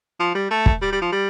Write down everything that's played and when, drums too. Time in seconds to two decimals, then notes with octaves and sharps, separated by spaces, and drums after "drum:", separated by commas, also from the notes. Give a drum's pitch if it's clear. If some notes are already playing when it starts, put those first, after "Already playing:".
0.20 F3
0.35 G3
0.51 A3
0.66 drum: kick
0.82 G3
0.92 G3
1.02 F3
1.12 G3